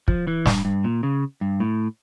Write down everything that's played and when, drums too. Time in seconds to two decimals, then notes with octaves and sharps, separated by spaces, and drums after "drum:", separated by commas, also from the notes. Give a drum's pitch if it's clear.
0.08 F3, drum: kick
0.27 E3
0.46 G2, drum: snare
0.65 G2
0.84 A#2
1.03 C#3
1.41 G2
1.60 A2